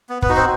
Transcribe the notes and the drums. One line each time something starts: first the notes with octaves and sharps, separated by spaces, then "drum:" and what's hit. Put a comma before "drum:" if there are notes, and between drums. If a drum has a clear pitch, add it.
B3
B3 B4, drum: kick
D#4 F#4
C4 C5